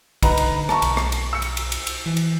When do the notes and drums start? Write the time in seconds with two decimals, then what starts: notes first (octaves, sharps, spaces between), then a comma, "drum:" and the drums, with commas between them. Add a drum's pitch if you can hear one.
0.23 D3 D#4 B4 A#5, drum: kick, cymbal
0.37 drum: cymbal
0.69 A5 A#5 C#6, drum: rim click
0.82 B1, drum: cymbal
0.97 drum: rim click
1.12 drum: cymbal
1.33 E6 C#7
1.42 drum: cymbal
1.57 drum: cymbal
1.72 drum: cymbal
1.87 drum: cymbal
2.06 E3
2.17 drum: cymbal